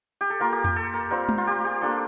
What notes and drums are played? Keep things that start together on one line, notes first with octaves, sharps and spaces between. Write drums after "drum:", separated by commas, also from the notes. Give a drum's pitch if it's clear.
G4
A4
A#3 F4 A#4
G4
G4, drum: tom E2
A4
A#4
G3 C4 F4 A#4
drum: tom G#3
F4
G4
G4
A#3 D4 F4 A4